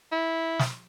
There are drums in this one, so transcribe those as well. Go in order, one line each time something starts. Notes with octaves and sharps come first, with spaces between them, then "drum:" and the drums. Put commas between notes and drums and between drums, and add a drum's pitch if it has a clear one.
E4
drum: snare